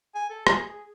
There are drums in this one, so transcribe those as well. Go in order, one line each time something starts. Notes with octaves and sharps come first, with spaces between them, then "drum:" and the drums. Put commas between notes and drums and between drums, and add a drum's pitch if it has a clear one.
G#5
A4
G#4, drum: rim click
G#4